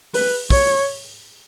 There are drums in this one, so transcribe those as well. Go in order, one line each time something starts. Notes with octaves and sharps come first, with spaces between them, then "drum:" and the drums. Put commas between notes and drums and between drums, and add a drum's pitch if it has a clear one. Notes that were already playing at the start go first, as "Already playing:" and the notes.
B4, drum: open hi-hat
C#5, drum: kick, open hi-hat